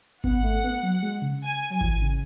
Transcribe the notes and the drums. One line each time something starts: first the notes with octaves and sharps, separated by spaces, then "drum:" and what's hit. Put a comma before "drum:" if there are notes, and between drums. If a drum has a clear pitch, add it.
B3 F#5, drum: kick G#1
A3
B3
F#3
G#3
C#3
G#5
F#3 G#5
E3, drum: kick G#1
C#3